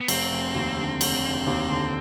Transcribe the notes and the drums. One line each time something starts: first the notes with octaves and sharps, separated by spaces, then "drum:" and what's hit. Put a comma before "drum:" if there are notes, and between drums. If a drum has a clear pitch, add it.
B3
F1 C4, drum: cymbal
F1
D#2
D3
F1, drum: cymbal
F1
D#2
D3